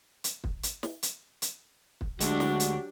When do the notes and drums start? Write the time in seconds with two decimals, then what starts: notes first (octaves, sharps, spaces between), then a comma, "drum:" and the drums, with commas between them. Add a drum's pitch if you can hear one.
0.24 drum: hi-hat
0.44 drum: kick
0.63 drum: hi-hat
0.83 drum: snare
1.03 drum: hi-hat
1.42 drum: hi-hat
2.01 drum: kick
2.20 D2 F#3 G#3 D4 F#4 G4, drum: hi-hat
2.40 drum: snare
2.60 drum: hi-hat